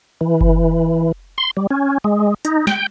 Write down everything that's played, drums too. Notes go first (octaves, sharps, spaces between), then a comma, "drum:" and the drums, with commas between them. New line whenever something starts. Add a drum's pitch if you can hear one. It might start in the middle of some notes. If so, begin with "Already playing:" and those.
E3
drum: kick F#1
C6
G3
C#4
G#3
D#4, drum: hi-hat
G5, drum: snare